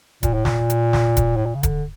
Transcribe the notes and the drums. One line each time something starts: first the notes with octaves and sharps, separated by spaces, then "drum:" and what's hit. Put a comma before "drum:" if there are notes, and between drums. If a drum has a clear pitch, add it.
A#2, drum: kick D#1, hi-hat
A2
A#2, drum: snare
drum: hi-hat
drum: snare
drum: kick D#1, hi-hat
A2
A#2
C#3
D3, drum: kick D#1, hi-hat